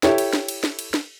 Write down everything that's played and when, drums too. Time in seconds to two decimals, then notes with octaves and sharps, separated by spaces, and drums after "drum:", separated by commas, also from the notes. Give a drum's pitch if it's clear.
0.03 E4 G4 A4 C#5 E5, drum: snare
0.18 drum: cymbal
0.33 drum: snare
0.48 drum: cymbal
0.64 drum: snare
0.79 drum: cymbal
0.94 drum: snare